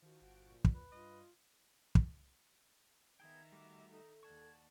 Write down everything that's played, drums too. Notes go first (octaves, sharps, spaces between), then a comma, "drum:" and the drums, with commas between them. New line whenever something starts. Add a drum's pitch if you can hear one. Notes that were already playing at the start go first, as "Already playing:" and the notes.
D#3 F3 F#4
G1 F#4 D7
A#2
drum: kick
E2 B4
G2 F4 D#5
drum: kick
D#3 B3 G#4 E5 G5 A#5 G#6
G3 A3 F#4 D6
D#4 A4
D#2 D5 F#5 A5 C#6 G#6